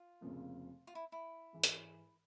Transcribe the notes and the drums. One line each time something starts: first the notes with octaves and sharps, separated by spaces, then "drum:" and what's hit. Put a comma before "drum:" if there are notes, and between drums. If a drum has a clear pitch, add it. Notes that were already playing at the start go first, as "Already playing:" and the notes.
Already playing: F4
F1 F2 C#3 F3 A#3
F4
E4
E4
G#2 E3 G#3
drum: hi-hat